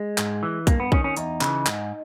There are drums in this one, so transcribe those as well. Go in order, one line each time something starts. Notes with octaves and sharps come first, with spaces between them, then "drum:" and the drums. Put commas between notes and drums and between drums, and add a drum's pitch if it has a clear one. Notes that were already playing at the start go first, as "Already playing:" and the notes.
Already playing: G#3
G#2, drum: clap
E3
G2 A#3, drum: kick B1, hi-hat
B3
D#3 C#4, drum: kick B1
C#4
E2 D#4, drum: hi-hat
C#3 E3, drum: clap
G#2, drum: clap